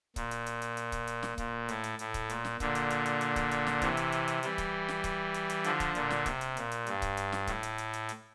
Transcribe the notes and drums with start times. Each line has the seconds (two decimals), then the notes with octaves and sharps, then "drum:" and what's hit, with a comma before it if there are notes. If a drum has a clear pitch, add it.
0.16 A#2, drum: kick C#1, hi-hat
0.31 drum: hi-hat
0.46 drum: hi-hat
0.62 drum: hi-hat
0.77 drum: hi-hat
0.92 drum: kick C#1, hi-hat
1.07 drum: hi-hat
1.23 drum: snare
1.38 A#2, drum: kick C#1, hi-hat
1.69 A2, drum: hi-hat
1.84 drum: hi-hat
1.99 A2, drum: hi-hat
2.14 drum: kick C#1, hi-hat
2.29 A#2, drum: hi-hat
2.45 drum: snare
2.60 A#2 D3, drum: kick C#1, hi-hat
2.75 drum: hi-hat
2.90 drum: hi-hat
3.06 drum: hi-hat
3.21 drum: hi-hat
3.36 drum: kick C#1, hi-hat
3.51 drum: hi-hat
3.67 drum: snare
3.82 C3 E3, drum: kick C#1, hi-hat
3.97 drum: hi-hat
4.12 drum: hi-hat
4.28 drum: hi-hat
4.43 E3 G3, drum: hi-hat
4.58 drum: kick C#1, hi-hat
4.89 drum: snare
5.04 drum: kick C#1, hi-hat
5.34 drum: hi-hat
5.50 drum: hi-hat
5.64 D3 F3, drum: hi-hat
5.80 drum: kick C#1, hi-hat
5.95 A#2 D3, drum: hi-hat
6.10 drum: snare
6.26 C3, drum: kick C#1, hi-hat
6.41 drum: hi-hat
6.57 A#2, drum: hi-hat
6.71 drum: hi-hat
6.86 G2, drum: hi-hat
7.02 drum: kick C#1, hi-hat
7.17 drum: hi-hat
7.32 drum: snare
7.47 A2, drum: kick C#1, hi-hat
7.63 drum: hi-hat
7.78 drum: hi-hat
7.93 drum: hi-hat
8.09 drum: hi-hat